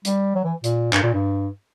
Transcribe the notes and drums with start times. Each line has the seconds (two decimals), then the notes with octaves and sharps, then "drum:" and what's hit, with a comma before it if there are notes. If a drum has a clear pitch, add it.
0.05 G3, drum: hi-hat
0.35 F#3
0.44 E3
0.64 A#2, drum: hi-hat
0.93 G2, drum: clap
1.03 A#2
1.14 G2